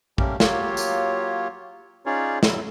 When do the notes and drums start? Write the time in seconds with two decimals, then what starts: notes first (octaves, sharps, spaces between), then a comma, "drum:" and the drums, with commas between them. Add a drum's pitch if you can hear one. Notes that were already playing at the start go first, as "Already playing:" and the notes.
0.18 G3 A3 A#3 C#4 G4 A#4, drum: kick
0.40 F#3 A#3 F4 G4 C#5, drum: snare
0.77 drum: tambourine
2.06 C#4 D#4 F4 G#4 C#5 D5
2.43 F2 F#3 G3 E4, drum: snare